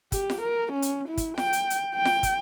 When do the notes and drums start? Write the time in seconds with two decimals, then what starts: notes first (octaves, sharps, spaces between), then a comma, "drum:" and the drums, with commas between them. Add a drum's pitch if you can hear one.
0.12 G4, drum: kick, hi-hat
0.30 drum: snare F4
0.42 A#4
0.73 C#4
0.82 drum: hi-hat
1.08 E4
1.17 drum: kick, hi-hat
1.38 G5, drum: snare F4
1.53 drum: hi-hat
1.70 drum: hi-hat
1.95 G5
2.05 drum: snare F4
2.23 drum: kick, hi-hat